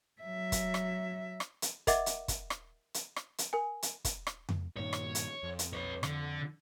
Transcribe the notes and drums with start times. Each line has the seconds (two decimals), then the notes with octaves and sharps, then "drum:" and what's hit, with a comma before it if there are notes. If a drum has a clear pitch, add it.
0.22 F#3 E5
0.52 drum: kick, hi-hat
0.74 drum: rim click
1.40 drum: rim click
1.62 drum: hi-hat
1.87 A#4 D#5 E5 F#5 D6 A6, drum: kick, hi-hat
2.06 drum: hi-hat
2.28 drum: kick, hi-hat
2.50 drum: rim click
2.94 drum: hi-hat
3.16 drum: rim click
3.38 drum: hi-hat
3.53 A#4 G#5
3.82 drum: hi-hat
4.05 drum: kick, hi-hat
4.27 drum: rim click
4.49 drum: tom F2
4.77 G2 A#2 D#3 C#5
4.93 drum: rim click
5.15 drum: hi-hat
5.43 F2
5.59 drum: hi-hat
5.73 B4 C#5
6.03 D3, drum: rim click